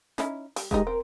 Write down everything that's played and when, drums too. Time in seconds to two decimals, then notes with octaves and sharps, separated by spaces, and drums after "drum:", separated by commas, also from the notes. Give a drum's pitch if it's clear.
0.18 C#4 D#4 E4, drum: snare
0.56 G3, drum: open hi-hat
0.71 D#3 E3 G#3 D#4 G4, drum: kick E1
0.87 C4 A#4